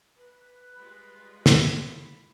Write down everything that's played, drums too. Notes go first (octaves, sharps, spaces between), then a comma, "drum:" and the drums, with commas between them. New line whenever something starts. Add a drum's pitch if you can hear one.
B4
G3 G#3 F4 B5
drum: snare